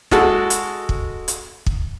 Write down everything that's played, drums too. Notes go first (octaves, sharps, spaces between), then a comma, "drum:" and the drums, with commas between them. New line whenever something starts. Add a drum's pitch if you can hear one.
G#3 F#4 A4, drum: snare
drum: hi-hat
drum: kick
drum: hi-hat
drum: kick